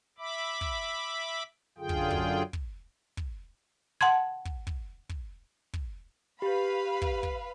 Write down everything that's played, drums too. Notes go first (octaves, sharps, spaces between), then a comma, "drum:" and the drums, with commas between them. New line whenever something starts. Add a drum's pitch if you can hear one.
E5 B5 D6
drum: kick
F#2 D3 F4 G#4 G5
drum: kick
drum: kick
drum: kick
drum: kick
F#5 A5 C6 G#6
drum: kick
drum: kick
drum: kick
drum: kick
G4 B4 F5 B5 G6
drum: kick
drum: kick